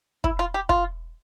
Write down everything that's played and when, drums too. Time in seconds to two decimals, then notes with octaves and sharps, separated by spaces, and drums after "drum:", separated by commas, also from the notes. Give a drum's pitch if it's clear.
0.24 E4, drum: kick
0.39 F4
0.54 G4
0.69 F4, drum: kick